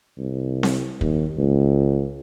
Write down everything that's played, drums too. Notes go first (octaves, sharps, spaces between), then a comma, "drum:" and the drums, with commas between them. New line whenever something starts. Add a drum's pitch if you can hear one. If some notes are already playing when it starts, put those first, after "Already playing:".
C2
drum: snare C4
D#2, drum: kick
C#2